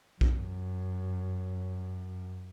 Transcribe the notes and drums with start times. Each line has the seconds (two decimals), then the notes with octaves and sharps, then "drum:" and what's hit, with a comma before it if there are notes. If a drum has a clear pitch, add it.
0.21 F#2, drum: kick B1